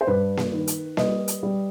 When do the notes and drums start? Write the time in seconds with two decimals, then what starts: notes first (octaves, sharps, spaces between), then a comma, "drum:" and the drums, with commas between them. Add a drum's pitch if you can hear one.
0.01 C5
0.07 G2 B4
0.37 drum: snare A#3
0.52 D#3
0.67 drum: hi-hat
0.97 G3 B4 D#5, drum: snare A#3
1.28 drum: hi-hat
1.43 G3